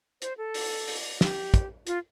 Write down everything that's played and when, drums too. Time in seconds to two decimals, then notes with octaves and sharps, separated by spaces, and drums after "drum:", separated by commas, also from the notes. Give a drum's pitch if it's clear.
0.22 C5, drum: hi-hat
0.38 A4
0.54 drum: open hi-hat
0.87 drum: open hi-hat
1.21 G4, drum: snare
1.54 drum: kick, hi-hat
1.87 F4, drum: hi-hat